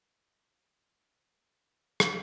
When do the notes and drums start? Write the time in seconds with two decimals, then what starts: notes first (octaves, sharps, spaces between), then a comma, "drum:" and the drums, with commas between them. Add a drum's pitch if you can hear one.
0.17 D#6 A#6
0.69 A2 D3 A#4 C5 A5 B5
1.11 A4
1.49 G#4 A#4 B4 C#5 E5
2.00 drum: rim click